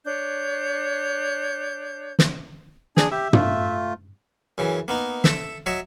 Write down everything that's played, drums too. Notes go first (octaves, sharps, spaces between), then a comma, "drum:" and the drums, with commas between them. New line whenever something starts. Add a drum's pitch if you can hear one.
D4 C#5 G6
drum: snare
D4 G#4, drum: snare
G4 E5
A3 F4, drum: tom
F#2 C#3 E3
A#3 B3 D#4
A4 E5, drum: snare
F#3 C#5 D#5 E5